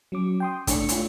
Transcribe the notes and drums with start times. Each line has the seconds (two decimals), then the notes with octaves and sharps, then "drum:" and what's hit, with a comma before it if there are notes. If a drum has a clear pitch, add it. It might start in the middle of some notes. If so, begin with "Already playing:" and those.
0.12 F#3 C#4 D6
0.40 G5 C6 D#6
0.67 A3 D4 C#5 C#7, drum: kick, hi-hat
0.89 A3 F4, drum: hi-hat